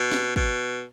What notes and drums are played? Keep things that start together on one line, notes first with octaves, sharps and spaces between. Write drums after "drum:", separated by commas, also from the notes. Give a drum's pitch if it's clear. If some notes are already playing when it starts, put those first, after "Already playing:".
Already playing: B2
drum: snare
B2, drum: kick